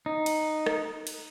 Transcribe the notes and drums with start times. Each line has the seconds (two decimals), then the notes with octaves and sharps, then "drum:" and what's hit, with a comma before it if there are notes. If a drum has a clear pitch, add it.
0.06 D#4
0.26 drum: cymbal
0.66 drum: rim click
1.07 drum: cymbal